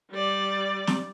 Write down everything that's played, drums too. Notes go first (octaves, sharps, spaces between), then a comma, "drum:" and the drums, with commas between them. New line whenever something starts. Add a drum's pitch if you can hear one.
G3 D5
drum: snare